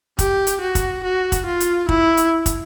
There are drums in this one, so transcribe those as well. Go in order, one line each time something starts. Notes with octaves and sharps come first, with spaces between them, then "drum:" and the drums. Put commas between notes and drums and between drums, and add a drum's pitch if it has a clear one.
G4, drum: kick, hi-hat
drum: hi-hat
F#4
drum: kick, hi-hat
F#4
drum: kick, hi-hat
F4
drum: hi-hat
E4, drum: kick
drum: hi-hat
drum: kick, hi-hat